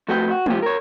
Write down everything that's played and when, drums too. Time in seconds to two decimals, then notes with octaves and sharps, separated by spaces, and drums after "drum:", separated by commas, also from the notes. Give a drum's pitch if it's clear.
0.08 F2 A3 F#4 B4 G5
0.31 F#4
0.46 C2 A#2 D#3 F3 G4, drum: tom G#3
0.62 A#4 C#5